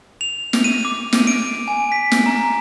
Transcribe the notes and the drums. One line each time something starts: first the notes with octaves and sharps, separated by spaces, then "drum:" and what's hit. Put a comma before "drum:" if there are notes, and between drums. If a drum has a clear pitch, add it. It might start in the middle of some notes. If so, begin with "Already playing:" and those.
F7
drum: snare
D#7
D6
drum: snare
D7
G#5
B6
drum: snare
A#5